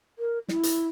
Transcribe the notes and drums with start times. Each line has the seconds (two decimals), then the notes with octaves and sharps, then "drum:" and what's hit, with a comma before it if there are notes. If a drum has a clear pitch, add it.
0.19 A#4
0.48 E4, drum: snare
0.63 drum: hi-hat